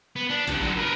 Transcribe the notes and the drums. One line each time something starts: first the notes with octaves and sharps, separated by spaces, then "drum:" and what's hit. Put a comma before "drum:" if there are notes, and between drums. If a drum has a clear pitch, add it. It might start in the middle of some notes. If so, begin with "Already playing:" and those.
B3
D4
D2 G2, drum: kick A1, hi-hat
D3 F#3
A#4 B4